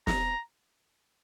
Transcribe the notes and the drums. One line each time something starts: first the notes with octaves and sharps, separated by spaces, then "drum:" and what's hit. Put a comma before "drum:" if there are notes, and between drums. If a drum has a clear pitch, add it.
A#5, drum: snare